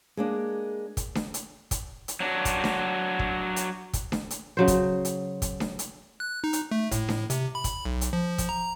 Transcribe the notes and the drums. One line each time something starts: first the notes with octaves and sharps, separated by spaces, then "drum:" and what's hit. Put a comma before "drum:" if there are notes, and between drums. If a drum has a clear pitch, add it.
G#3 A#3 D4
drum: kick, hi-hat
drum: snare D4
drum: hi-hat
drum: kick, hi-hat
drum: hi-hat
F#3 D4
drum: kick, hi-hat
drum: snare D4
drum: kick
drum: hi-hat
drum: kick, hi-hat
drum: snare D4
drum: hi-hat
C#3 F#3 C5
drum: kick, hi-hat
drum: hi-hat
drum: kick, hi-hat
drum: snare D4
drum: hi-hat
F#6
D#4
drum: hi-hat
A3
A2, drum: kick, hi-hat
drum: snare D4
C3, drum: hi-hat
B5
drum: kick, hi-hat
B1
drum: hi-hat
F3
drum: kick, hi-hat
A#5